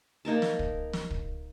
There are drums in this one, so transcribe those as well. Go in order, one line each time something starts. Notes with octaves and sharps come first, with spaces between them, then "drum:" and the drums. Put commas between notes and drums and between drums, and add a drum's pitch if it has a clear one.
A#3 D#4 A#4 A5
drum: snare
drum: kick
drum: snare
drum: kick